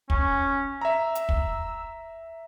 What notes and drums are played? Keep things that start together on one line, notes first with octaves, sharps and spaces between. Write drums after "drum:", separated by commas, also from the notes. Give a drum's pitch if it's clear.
C#4, drum: kick
E5 A#5 E6
drum: hi-hat
drum: kick